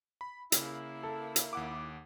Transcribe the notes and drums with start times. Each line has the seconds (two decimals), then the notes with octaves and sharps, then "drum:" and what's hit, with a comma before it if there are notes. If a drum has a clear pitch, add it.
0.21 B5
0.52 C#3 A#3 E4, drum: hi-hat
1.03 A4
1.36 drum: hi-hat
1.53 D#2 F#5 D6